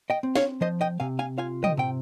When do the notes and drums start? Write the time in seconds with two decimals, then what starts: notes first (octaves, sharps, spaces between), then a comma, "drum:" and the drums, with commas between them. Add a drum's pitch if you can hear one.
0.10 D#5 G5
0.23 C4
0.35 C#5 F5, drum: snare
0.61 F3 C5 D#5
0.81 D#5 G5
1.00 C3 F5 G#5
1.19 F5 G#5
1.38 F4 F5 G#5
1.64 D#5 G5, drum: tom
1.77 C3 G5